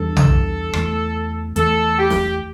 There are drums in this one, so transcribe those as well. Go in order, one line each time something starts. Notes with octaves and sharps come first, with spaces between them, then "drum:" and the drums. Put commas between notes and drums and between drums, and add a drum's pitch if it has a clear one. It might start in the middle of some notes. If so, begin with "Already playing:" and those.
Already playing: E2 E3 G3 D4 A4
drum: tom B1
E2 E3 A3, drum: rim click
E2 E3 A3 A4, drum: hi-hat
G4
drum: snare